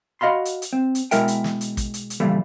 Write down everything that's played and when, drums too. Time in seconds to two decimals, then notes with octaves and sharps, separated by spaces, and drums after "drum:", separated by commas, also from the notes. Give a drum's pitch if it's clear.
0.21 F#4 D#5 F5 B5 C6
0.45 drum: hi-hat
0.62 drum: hi-hat
0.73 C4
0.95 drum: hi-hat
1.11 B2 G#3 E4 A#4 E5 G5, drum: hi-hat
1.28 drum: hi-hat
1.44 drum: snare
1.61 drum: hi-hat
1.77 drum: kick, hi-hat
1.94 drum: hi-hat
2.10 drum: hi-hat
2.20 A#2 C#3 E3 F3 G3 A3